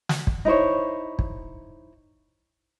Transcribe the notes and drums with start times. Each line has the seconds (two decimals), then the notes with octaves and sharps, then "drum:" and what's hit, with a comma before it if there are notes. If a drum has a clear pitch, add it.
0.09 drum: snare
0.27 drum: kick
0.45 D#4 E4 C5 C#5
1.19 drum: kick